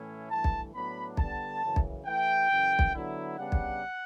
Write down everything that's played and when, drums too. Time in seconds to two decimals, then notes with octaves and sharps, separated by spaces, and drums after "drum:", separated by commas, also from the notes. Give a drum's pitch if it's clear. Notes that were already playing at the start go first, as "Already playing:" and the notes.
Already playing: A2 E3 A3 C#4 E4
0.30 G2 E3 A3 A5
0.44 drum: kick B1
0.74 A2 F#3 B3 D4 B5
1.17 D3 G3 B3 D4 A5, drum: kick B1
1.62 F#2 C#3 E3
1.76 drum: kick B1
2.05 E3 A3 E4 G5
2.50 F#2 C#3 E3
2.79 drum: kick B1
2.94 D3 F#3 B3 E4
3.37 C#3 G3 B3 D4 F#5
3.52 drum: kick B1